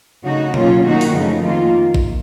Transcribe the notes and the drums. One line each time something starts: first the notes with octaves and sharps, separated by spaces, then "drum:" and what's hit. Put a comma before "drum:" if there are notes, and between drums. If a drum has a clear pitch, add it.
C#3 A3 D#4 F#4
C#3 F#3 A#3 C#4 F4, drum: tom B2
D#3 A#3 D#4 F#4
drum: open hi-hat
F#2 C#3 F3 A3 D#4
F2 D#3 A#3 F4
drum: kick A1